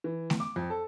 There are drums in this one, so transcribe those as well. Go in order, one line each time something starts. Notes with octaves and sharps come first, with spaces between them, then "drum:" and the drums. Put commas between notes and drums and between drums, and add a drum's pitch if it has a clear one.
E3
drum: snare A3
D6
F2
A4